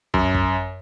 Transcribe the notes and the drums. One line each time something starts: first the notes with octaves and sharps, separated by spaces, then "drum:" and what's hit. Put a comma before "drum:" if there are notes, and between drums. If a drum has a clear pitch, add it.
F#2, drum: kick
drum: kick